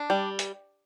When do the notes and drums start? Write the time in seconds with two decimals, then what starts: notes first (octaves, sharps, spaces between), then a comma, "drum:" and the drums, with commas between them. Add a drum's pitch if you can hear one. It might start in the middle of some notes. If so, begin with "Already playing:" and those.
Already playing: D4
0.10 G3
0.39 drum: hi-hat